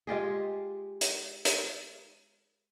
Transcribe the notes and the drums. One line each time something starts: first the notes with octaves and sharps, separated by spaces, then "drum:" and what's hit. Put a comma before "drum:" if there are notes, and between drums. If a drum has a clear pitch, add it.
G#3 F4 G4 G#4
drum: hi-hat
drum: hi-hat